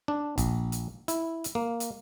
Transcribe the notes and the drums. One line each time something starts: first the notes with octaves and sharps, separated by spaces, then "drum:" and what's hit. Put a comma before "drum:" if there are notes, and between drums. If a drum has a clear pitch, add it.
D4
A#1, drum: kick, hi-hat
drum: hi-hat
E4, drum: hi-hat
drum: hi-hat
A#3
drum: hi-hat